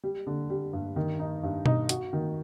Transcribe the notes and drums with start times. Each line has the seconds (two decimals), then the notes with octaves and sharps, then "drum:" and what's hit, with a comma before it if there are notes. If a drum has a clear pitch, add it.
0.04 G3
0.27 D3
0.50 G3
0.73 G2
0.96 D#3
1.19 D#4
1.43 G2
1.66 D#4, drum: tom B2
1.89 F#4, drum: hi-hat
2.13 D#3